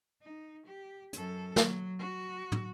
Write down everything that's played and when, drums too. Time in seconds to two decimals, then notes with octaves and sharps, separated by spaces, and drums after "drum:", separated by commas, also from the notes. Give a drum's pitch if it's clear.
0.22 D#4
0.66 G4
1.13 F#2 A4, drum: hi-hat
1.56 F#3, drum: snare
1.99 F#4
2.52 drum: tom